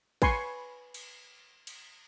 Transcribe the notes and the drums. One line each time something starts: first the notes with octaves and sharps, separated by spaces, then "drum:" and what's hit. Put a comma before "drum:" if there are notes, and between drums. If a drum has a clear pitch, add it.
B4 G#5 C6 C#6, drum: kick, cymbal
drum: cymbal
drum: cymbal